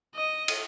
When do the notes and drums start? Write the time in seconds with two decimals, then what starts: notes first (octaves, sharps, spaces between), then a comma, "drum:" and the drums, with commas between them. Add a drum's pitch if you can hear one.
0.16 D#5
0.48 drum: cymbal